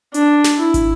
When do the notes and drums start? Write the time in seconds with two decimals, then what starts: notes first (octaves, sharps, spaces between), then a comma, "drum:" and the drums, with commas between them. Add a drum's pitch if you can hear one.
0.14 D4, drum: hi-hat
0.44 drum: snare
0.59 E4
0.74 drum: kick, hi-hat